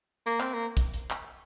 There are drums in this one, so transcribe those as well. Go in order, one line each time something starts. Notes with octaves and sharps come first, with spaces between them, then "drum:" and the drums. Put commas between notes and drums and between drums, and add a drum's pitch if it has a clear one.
A#3, drum: hi-hat
C4, drum: clap
A#3
drum: kick, hi-hat
drum: hi-hat
drum: clap